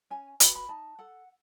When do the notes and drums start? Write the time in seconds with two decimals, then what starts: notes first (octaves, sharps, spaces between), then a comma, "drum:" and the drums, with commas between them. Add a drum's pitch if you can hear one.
0.10 C#4 G#5
0.40 F#4 B4 B5, drum: hi-hat
0.55 B5
0.69 D#4 A5
0.99 A4 F#5